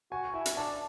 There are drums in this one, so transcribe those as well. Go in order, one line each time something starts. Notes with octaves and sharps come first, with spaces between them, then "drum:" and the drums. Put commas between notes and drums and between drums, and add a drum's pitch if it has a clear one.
F#4 G#5
E4 G#5
drum: hi-hat
D4 A5